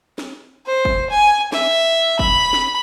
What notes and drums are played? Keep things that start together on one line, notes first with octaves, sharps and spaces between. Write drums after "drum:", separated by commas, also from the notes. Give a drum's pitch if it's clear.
drum: snare
C5
drum: kick
G#5
E5, drum: snare
B5, drum: kick
drum: snare